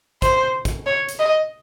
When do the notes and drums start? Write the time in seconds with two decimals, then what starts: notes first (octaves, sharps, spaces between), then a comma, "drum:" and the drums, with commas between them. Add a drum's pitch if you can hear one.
0.22 C5, drum: kick, hi-hat
0.65 drum: kick, hi-hat
0.86 C#5
1.09 drum: hi-hat
1.19 D#5